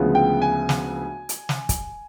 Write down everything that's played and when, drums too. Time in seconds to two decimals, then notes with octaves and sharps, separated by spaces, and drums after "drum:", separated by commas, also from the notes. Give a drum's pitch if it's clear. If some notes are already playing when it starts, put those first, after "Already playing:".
Already playing: D2 C#3 F3 G#3 B3
0.15 G5
0.42 G#5
0.69 drum: snare
1.29 drum: hi-hat
1.49 drum: snare
1.69 drum: kick, hi-hat